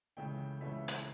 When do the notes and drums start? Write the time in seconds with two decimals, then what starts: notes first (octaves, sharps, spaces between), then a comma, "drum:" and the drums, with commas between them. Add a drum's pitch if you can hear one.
0.17 C#2 C#3 E3 A3 G5
0.61 C#2 C#3 E3 A3 E5
0.88 drum: hi-hat